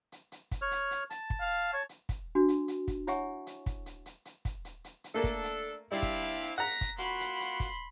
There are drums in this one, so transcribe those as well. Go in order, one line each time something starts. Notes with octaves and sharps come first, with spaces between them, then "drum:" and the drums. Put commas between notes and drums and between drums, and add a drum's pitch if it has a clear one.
drum: hi-hat
drum: hi-hat
drum: kick, hi-hat
C#5 F6
drum: hi-hat
drum: hi-hat
A5, drum: hi-hat
drum: kick
F5
C#5
drum: hi-hat
drum: kick, hi-hat
D4 F#4
drum: hi-hat
drum: hi-hat
drum: kick, hi-hat
E4 C#5 E5 F#5 G#5 C#6, drum: hi-hat
drum: hi-hat
drum: kick, hi-hat
drum: hi-hat
drum: hi-hat
drum: hi-hat
drum: kick, hi-hat
drum: hi-hat
drum: hi-hat
drum: hi-hat
A3 A#3 D4 A4 A#4
drum: kick, hi-hat
drum: hi-hat
G3 C4 D4 E4 F5
drum: kick, hi-hat
drum: hi-hat
drum: hi-hat
F#5 A#5 A#6 B6
drum: kick, hi-hat
A#3 F4 F#4 B5 C6, drum: hi-hat
drum: hi-hat
drum: hi-hat
drum: kick, hi-hat